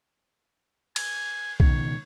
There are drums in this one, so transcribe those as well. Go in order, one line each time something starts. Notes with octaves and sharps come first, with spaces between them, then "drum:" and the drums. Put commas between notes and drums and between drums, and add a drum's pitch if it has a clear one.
G#5, drum: cymbal
C#2 B2 D#3 C#5, drum: kick B1